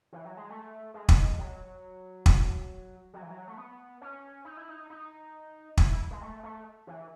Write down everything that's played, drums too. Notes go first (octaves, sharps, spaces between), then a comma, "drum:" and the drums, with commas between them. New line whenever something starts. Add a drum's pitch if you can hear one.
E3
F#3
G#3
A3
G#3
drum: kick
F#3
drum: kick
F#3
E3
F#3
A3
B3
C#4
D#4
E4
D#4
D#4
E4, drum: kick
G#3
A3
A3
E3